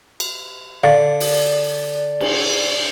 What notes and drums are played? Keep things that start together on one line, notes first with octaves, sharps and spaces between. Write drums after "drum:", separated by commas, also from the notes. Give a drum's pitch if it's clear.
drum: cymbal
D3 D5 F5
drum: open hi-hat
drum: cymbal